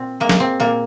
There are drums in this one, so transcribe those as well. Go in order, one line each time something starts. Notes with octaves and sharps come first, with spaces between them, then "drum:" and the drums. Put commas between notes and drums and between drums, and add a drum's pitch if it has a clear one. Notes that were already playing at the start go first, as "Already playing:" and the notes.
Already playing: A#2 C4
G#3 A#3
drum: snare
C4
A#2 A#3